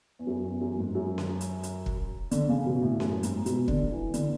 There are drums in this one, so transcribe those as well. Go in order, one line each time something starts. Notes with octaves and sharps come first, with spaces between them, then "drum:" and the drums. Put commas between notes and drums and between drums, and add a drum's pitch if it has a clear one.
E2
F#2
E2
F#2
G#2
F#2
drum: snare C#4
drum: hi-hat
drum: hi-hat
drum: kick
D3, drum: hi-hat
C#3
B2
A2
F#2, drum: snare C#4
G#2, drum: hi-hat
B2, drum: hi-hat
D3, drum: kick
E3
D3, drum: hi-hat